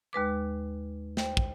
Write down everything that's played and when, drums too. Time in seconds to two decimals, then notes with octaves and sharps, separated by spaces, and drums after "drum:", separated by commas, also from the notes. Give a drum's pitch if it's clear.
0.13 D#2 G#3 B4 D6
1.17 C5 G5, drum: snare
1.37 drum: kick